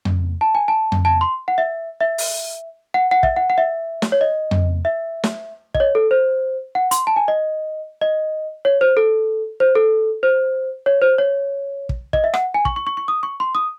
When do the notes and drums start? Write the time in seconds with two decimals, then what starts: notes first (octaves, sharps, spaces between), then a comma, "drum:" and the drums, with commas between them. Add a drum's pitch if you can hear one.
0.05 drum: tom F2
0.41 A5
0.55 G#5
0.68 A5
0.92 drum: tom F2
1.05 A5
1.21 C6
1.48 F#5
1.58 E5
2.01 E5
2.18 drum: open hi-hat
2.94 F#5
3.11 F#5
3.23 E5, drum: kick
3.36 F#5
3.50 F#5
3.58 E5
4.02 drum: snare
4.12 C#5
4.21 D#5
4.51 drum: tom F2
4.85 E5
5.24 drum: snare
5.75 D#5, drum: kick
5.80 C#5
5.95 A4
6.11 C5
6.75 F#5
6.91 C6, drum: hi-hat
7.07 A5
7.16 G#5
7.28 D#5
8.01 D#5
8.65 C#5
8.81 C5
8.97 A4
9.60 C5
9.75 A4
10.23 C5
10.86 C#5
11.02 C5
11.18 C#5
11.89 drum: kick
12.13 D#5, drum: kick
12.24 E5
12.34 F#5, drum: rim click
12.54 G#5
12.65 C#6, drum: kick
12.76 C#6
12.87 C#6
12.97 C#6
13.08 D#6
13.23 C#6
13.40 C6
13.55 D#6